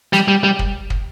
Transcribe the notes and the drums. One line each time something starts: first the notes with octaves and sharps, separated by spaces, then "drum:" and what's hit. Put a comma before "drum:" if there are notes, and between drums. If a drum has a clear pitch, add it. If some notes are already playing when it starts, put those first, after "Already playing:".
G3, drum: snare
G3
G3
drum: kick
drum: kick